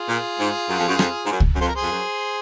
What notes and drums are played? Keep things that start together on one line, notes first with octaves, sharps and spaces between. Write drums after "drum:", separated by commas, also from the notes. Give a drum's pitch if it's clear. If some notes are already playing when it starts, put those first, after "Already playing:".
Already playing: F4 G#4
A#2
G#2
F#2
F2
F#2
F2, drum: rim click
G#2
F#2
drum: kick C#2
F#2
F2 C5
A#4
G#4 C5
F2
F#2